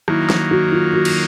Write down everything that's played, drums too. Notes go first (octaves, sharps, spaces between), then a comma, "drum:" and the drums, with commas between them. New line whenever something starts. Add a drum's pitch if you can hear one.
D#3 F#3 A#3 E4, drum: rim click
drum: snare
F#4
F4
F#4
drum: cymbal